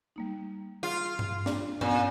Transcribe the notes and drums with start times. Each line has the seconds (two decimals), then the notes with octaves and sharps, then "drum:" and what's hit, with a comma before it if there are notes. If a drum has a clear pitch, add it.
0.16 G3 A#3 D#4
0.83 F4 G#4
1.19 drum: tom G2
1.46 A#3 D4 D5, drum: snare
1.81 A#2 B3 C#4, drum: tom G2